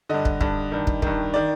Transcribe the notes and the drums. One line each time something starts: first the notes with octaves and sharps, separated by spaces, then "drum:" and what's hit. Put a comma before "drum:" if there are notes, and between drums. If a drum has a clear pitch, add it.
G2 D3 D#5
drum: kick
G2 D3, drum: kick
G2 D#3
drum: kick
G2 D#3, drum: kick
D#3 D5